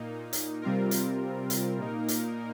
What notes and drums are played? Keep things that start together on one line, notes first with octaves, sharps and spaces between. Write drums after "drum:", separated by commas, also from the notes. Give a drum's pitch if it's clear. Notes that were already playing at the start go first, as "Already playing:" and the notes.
Already playing: A#2 A#3 D#4
drum: hi-hat
C3 G3 C4 F4 A#4
drum: hi-hat
drum: hi-hat
A#2 A#3 D#4 A#4
drum: hi-hat